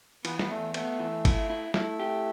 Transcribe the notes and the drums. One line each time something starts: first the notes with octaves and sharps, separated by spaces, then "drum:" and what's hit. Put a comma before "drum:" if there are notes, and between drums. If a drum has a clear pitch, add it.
E3 B3, drum: cymbal
B3, drum: snare
E2 A3
A3 B3, drum: cymbal
E3
E4, drum: kick G#1, cymbal
E4
A3 E4, drum: snare
G4